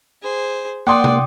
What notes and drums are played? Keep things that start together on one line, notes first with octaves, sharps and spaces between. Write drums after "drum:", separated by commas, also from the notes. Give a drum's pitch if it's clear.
G#4 C5
A#3 D5 F#5 G5 C6 D6 D#6
drum: tom